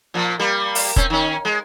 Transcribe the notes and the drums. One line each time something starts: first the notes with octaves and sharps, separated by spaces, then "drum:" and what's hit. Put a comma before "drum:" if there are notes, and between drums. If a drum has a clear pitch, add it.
A#2 F3
G3 A#3
drum: open hi-hat
C4 C#4, drum: kick
D#3 C#4
G#3